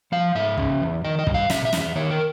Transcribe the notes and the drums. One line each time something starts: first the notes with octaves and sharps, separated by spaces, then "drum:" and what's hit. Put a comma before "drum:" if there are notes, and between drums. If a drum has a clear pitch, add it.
F3 F5
G#2 E5
C#3, drum: kick
E2
D#3 D#5
D#5
G2, drum: kick
F5
B2 E5, drum: snare
E5
E2, drum: snare
E5
D#3 C#5
A#4